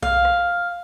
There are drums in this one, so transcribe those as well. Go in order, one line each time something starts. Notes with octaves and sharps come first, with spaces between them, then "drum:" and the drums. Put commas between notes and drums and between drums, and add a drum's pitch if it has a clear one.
F5, drum: kick B1
drum: rim click